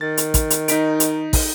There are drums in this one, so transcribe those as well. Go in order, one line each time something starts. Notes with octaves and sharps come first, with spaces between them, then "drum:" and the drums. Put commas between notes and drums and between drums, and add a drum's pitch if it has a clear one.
D#3 A6
drum: hi-hat
drum: kick, hi-hat
drum: hi-hat
D#4 B6 D7, drum: hi-hat
drum: hi-hat
drum: kick, open hi-hat